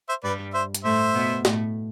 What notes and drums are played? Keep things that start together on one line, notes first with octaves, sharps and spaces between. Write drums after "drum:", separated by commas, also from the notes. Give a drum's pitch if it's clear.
C5 E5
G2 G3 B4 D5
C5 E5
drum: hi-hat
A2 A3 C5 E5
B2 B3
A2 A3, drum: snare